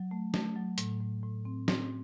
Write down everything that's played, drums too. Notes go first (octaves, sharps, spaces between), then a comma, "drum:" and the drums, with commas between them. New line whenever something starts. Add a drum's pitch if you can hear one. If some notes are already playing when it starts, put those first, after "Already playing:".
Already playing: F#3
A3
A3, drum: snare
F#3
A2, drum: hi-hat
A2
A2
C4
C4, drum: snare